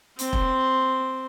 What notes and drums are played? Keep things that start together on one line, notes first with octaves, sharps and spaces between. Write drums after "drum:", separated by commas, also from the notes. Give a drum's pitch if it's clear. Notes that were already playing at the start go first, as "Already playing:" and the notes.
C4 C6, drum: hi-hat
drum: kick E1